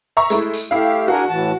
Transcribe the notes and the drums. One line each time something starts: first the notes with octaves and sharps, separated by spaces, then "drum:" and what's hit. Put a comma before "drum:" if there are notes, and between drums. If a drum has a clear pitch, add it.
E5 A#5 C#6
G#3 A3 E4, drum: tambourine
drum: tambourine
A3 E4 G4 F5
D4 F#4 G#4 A#4
A2 E3 A5